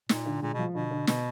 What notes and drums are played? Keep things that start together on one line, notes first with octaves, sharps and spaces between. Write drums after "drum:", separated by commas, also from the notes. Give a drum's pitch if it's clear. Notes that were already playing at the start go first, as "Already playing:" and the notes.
A#2 D#4, drum: snare
D3
A#2 G#3
B2
F3
B2 D3
D3
B2 B3, drum: snare